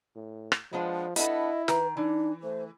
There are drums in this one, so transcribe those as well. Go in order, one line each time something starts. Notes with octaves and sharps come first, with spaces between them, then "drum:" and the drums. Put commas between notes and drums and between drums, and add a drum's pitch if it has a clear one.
A2
drum: rim click
F3 G#3 B3 D4
B3 D4 E4 A4 D#5, drum: hi-hat
D#3 B4, drum: snare
E3 D4 D#4
A3 C5